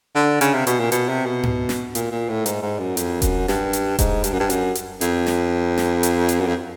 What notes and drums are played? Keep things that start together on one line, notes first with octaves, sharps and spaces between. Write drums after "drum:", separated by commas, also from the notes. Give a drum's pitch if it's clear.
D3
C#3, drum: hi-hat
C3
B2, drum: hi-hat
A#2
B2, drum: hi-hat
C3
B2
drum: tom G#2
drum: snare
A#2, drum: hi-hat
A#2
A2
G#2, drum: hi-hat
G#2
F#2
F2, drum: hi-hat
F#2, drum: kick E1, hi-hat
G2, drum: snare
drum: hi-hat
G#2, drum: kick E1, hi-hat
G2, drum: hi-hat
F#2
G2
F#2, drum: hi-hat
drum: hi-hat
F2, drum: hi-hat
drum: snare
drum: snare
drum: hi-hat
drum: hi-hat
F#2
F2